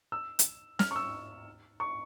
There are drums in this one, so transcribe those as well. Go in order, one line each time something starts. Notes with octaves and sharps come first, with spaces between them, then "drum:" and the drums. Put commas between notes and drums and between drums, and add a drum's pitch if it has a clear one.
E6
drum: hi-hat
F6, drum: snare
C#6
E6
C#6